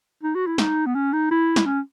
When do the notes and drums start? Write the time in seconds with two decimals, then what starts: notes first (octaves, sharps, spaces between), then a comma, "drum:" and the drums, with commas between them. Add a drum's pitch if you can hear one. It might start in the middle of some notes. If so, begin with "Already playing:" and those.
0.23 D#4
0.35 F#4
0.47 E4
0.58 D#4, drum: snare
0.86 B3
0.95 C#4
1.13 D#4
1.31 E4
1.56 drum: snare
1.66 C#4